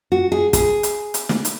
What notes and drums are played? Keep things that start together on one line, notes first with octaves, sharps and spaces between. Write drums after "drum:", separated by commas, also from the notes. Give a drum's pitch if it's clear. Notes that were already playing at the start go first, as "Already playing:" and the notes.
F#4
G#4
G#4, drum: kick, hi-hat
drum: hi-hat
drum: hi-hat
drum: snare
drum: hi-hat